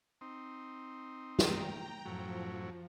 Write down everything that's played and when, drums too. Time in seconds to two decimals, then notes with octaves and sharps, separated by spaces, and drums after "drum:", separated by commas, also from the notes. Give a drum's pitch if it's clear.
0.21 C4 D#4
1.39 G5 A#5, drum: snare
2.05 F#2 A2 F3 F#3